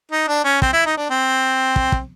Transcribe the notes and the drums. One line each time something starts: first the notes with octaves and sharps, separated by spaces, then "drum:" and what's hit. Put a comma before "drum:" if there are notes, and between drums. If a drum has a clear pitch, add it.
D#4
D4
C#4
C4, drum: kick
E4
D#4
D4
C4
drum: kick
drum: kick